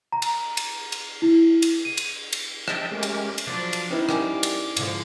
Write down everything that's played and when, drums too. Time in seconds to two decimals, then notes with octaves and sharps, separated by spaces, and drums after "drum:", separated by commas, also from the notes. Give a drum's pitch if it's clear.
0.12 A#5
0.22 drum: cymbal
0.57 drum: cymbal
0.92 drum: cymbal
1.22 E4
1.62 drum: cymbal
1.85 D#7
1.97 drum: cymbal
2.33 drum: cymbal
2.68 D#5 E5 G5 A5, drum: rim click
2.91 G#3 A3 C#4 G4 A#4
3.03 drum: cymbal
3.38 drum: cymbal
3.47 F3 F#3 D4
3.73 drum: cymbal
3.90 C#4 D#4 E4 B4 C5
4.09 G3 A#4 F#5 G#5 D6, drum: rim click
4.43 drum: cymbal
4.77 G#2 D3 F3, drum: cymbal